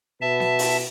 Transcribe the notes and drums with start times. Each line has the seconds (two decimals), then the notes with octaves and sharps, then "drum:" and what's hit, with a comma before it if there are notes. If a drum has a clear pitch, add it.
0.21 B2 F#4 B4 E5 A5
0.40 drum: snare B3
0.59 drum: open hi-hat